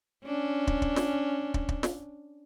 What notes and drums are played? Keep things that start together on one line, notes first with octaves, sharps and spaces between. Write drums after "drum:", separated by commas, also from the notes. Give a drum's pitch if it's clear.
C#4 D4
drum: kick
drum: kick
drum: snare
drum: kick
drum: kick
drum: snare